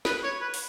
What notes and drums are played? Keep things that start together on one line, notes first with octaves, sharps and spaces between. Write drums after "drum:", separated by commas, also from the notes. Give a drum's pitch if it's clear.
B4, drum: snare
C#5
B4
drum: open hi-hat